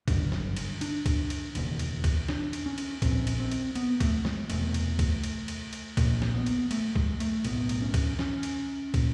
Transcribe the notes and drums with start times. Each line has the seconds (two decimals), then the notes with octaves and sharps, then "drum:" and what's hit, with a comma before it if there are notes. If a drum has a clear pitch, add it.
0.08 G1 F#2 C#3 D4, drum: kick, cymbal
0.32 drum: snare
0.56 drum: cymbal
0.81 D4, drum: cymbal
1.06 drum: kick, cymbal
1.30 drum: cymbal
1.55 E1 D#2 C#3, drum: cymbal
1.79 drum: cymbal
2.04 drum: kick, cymbal
2.28 D4, drum: snare
2.53 drum: cymbal
2.66 C#4
2.78 drum: cymbal
3.02 A#1 A#2 C4, drum: kick, cymbal
3.27 drum: cymbal
3.40 C4
3.51 drum: cymbal
3.75 B3, drum: cymbal
4.00 A3, drum: kick, cymbal
4.25 G#3, drum: snare
4.50 E1 E2 C3 A3, drum: cymbal
4.74 drum: cymbal
4.99 drum: kick, cymbal
5.23 drum: cymbal
5.48 drum: cymbal
5.73 drum: cymbal
5.97 A#1 A#2 A#3, drum: kick, cymbal
6.22 drum: snare
6.34 B3
6.46 drum: cymbal
6.71 A3, drum: cymbal
6.95 G#3, drum: kick
7.20 A3, drum: cymbal
7.44 B1 A2 B3, drum: cymbal
7.69 drum: cymbal
7.82 C#4
7.94 drum: kick, cymbal
8.19 C#4, drum: snare
8.43 drum: cymbal
8.94 A#2, drum: kick, cymbal